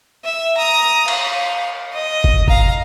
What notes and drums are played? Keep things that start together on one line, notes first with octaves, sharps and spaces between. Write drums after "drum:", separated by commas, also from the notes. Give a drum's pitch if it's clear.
E5
A#5 D#6
F5, drum: cymbal
D#5
drum: kick
F5 A#5, drum: kick